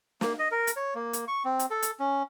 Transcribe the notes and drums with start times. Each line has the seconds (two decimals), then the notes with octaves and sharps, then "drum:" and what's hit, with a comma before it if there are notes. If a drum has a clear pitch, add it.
0.21 A#3, drum: snare
0.39 D#5
0.51 A#4
0.67 drum: hi-hat
0.76 C#5
0.95 A#3
1.13 drum: hi-hat
1.28 C#6
1.45 C4
1.59 drum: hi-hat
1.70 A4
1.82 drum: hi-hat
2.00 C#4